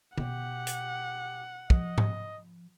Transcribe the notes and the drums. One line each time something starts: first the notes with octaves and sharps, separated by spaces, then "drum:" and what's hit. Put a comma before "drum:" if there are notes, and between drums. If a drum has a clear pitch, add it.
B2 G4 F#5, drum: tom
drum: hi-hat
F3 D#5, drum: kick
drum: tom G#2